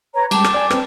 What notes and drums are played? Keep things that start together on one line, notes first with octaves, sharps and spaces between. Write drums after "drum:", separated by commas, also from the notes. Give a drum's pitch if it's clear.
B4 C#5 A#5
G3 G#3 G5 A5 D6, drum: cymbal
drum: rim click
D5 G#5
C4 B4, drum: rim click